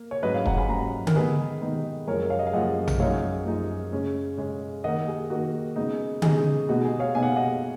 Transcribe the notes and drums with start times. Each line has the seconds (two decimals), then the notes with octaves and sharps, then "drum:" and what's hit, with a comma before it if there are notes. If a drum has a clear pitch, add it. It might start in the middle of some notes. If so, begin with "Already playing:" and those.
Already playing: A#3
0.11 C#5
0.22 G#2 F#3 C#4 B4 D#5
0.34 C#5 F5
0.46 F#5 A#5, drum: kick
0.57 G#5 B5
0.69 G#2 F#3 C#4 F#5 A#5
1.07 A#4, drum: tom D3
1.15 D#3 G#3 B3 D#4 G#4 B4
1.61 D#3 G#3 B3 D#4
2.08 F#2 C#3 F3 G#3 A#4 C#5
2.30 C#5 F5
2.39 D#5
2.47 F5
2.53 F#2 C#3 F3 G#3 D#5 F#5
2.88 drum: tom A#1
3.00 F#2 F3 G#3 D#4 C#5 F5
3.45 F#2 F3 G#3 D#4
3.92 C#3 G#3 C#4
4.38 C#3 G#3 C#4
4.84 D#3 A#3 D#4 D#5 F#5
5.08 G#4
5.30 D#3 A#3 D#4 F#4
5.76 C#3 G#3 B3 D#4
6.22 C#3 G#3 B3 D#4 G#4, drum: tom D3
6.69 B2 G#3 B3 D#4 F#4
6.85 G#4
7.00 C#5 F5
7.15 B2 G#3 B3 D#4 G#5
7.23 F#5
7.29 F5
7.36 D#5 F#5